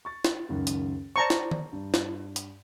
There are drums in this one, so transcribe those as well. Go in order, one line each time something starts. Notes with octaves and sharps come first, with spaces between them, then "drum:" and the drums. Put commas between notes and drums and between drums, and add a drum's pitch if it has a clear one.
C#6 A6
drum: snare
C#2 F#2 D#3
drum: hi-hat
C5 D5 A5 A#5 C#6
drum: snare
drum: tom D#3
G2
drum: snare
drum: hi-hat